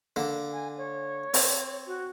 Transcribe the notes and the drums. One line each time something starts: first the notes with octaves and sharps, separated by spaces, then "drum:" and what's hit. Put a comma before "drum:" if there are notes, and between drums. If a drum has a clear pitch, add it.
D3 A#3
G#5
C#5
C4, drum: open hi-hat
F#4